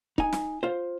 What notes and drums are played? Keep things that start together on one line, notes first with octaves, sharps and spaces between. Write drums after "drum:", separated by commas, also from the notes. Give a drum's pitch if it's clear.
D#4 G#5, drum: kick C#1
drum: snare
F4 C5